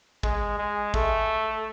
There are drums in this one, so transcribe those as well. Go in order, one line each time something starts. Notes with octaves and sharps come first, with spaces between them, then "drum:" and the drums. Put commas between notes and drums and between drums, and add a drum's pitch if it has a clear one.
G#3, drum: kick G#1
G#3
A3, drum: kick G#1